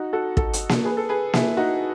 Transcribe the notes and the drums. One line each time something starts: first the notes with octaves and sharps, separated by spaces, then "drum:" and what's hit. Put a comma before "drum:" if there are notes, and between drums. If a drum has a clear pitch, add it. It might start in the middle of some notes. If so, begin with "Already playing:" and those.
Already playing: D#4 F#4
F#4 A4
F#4 A4, drum: kick
drum: hi-hat
drum: snare A#3
G#4 B4
A4
G#4 B4
E4 G#4, drum: snare A#3
D#4 F#4